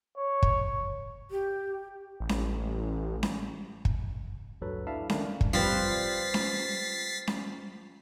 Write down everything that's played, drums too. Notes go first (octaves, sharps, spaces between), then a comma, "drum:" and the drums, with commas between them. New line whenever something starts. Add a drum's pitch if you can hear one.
C#5
drum: kick
G4
A1
drum: snare C#4
drum: snare C#4
drum: kick
A1 D2 G2 F#3 A4 B4
D4 E4 E5 F5 A5
D3 D#3 D4 F5, drum: snare C#4
drum: kick
F3 G3 C4 F4 B4 A6 B6 C7
drum: snare C#4
drum: snare C#4